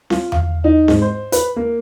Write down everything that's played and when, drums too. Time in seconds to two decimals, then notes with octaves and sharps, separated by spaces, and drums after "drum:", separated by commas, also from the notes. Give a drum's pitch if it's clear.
0.10 F4, drum: snare C4
0.32 F5, drum: tom E2
0.64 D#4
0.88 G#2, drum: snare C4
1.02 C5
1.32 B4, drum: hi-hat
1.56 A#3